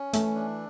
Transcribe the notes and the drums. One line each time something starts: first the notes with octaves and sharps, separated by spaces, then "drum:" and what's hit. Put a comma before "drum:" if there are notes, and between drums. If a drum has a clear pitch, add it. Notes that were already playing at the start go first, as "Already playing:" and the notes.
Already playing: C#4
E3 A3, drum: hi-hat
D4